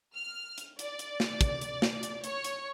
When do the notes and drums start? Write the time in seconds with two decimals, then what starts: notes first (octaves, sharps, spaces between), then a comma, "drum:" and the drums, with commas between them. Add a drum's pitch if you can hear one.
0.14 F6
0.58 drum: hi-hat
0.79 D5, drum: hi-hat
0.99 drum: hi-hat
1.20 drum: snare
1.41 drum: kick, hi-hat
1.61 drum: hi-hat
1.82 drum: snare
2.03 drum: hi-hat
2.24 C#5, drum: hi-hat
2.44 drum: hi-hat